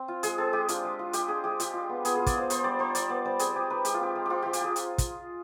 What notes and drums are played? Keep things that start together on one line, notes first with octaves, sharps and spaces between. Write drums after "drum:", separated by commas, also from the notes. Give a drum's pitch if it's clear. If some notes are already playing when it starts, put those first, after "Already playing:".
Already playing: C4
F4
G#3 G#4, drum: hi-hat
C4 G#4
G#3 G4
D4 F4, drum: hi-hat
G#3
F4
G#3 G4, drum: hi-hat
D4 G#4
G#3 G4
F4 G4, drum: hi-hat
F4
B3
B3 G#4, drum: hi-hat
F4 G#4
D5, drum: kick, hi-hat
F4 C5
B3 C5, drum: hi-hat
G3 D5
D#4 C5
G3 D5, drum: hi-hat
B3 D5
G3 C5
C4 G#4, drum: hi-hat
G#3 G4
D#4 B4
G#3 G4, drum: hi-hat
F4
C4 G4
G#3
C4 F4 G4
F3 G4
G4, drum: hi-hat
F4 G#4
drum: hi-hat
drum: kick, hi-hat